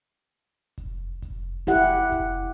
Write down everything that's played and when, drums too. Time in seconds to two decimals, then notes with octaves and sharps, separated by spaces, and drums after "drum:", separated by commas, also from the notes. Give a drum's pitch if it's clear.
0.78 drum: kick F1, hi-hat
1.22 drum: kick F1, hi-hat
1.67 E4 G4 F#5, drum: kick F1, hi-hat
2.12 drum: kick F1, hi-hat